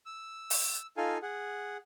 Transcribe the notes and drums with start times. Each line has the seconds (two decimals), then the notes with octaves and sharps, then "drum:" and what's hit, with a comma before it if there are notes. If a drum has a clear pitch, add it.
0.06 E6
0.50 drum: open hi-hat
0.97 D#4 F4 A4 F5 G#5
1.22 G#4 F#5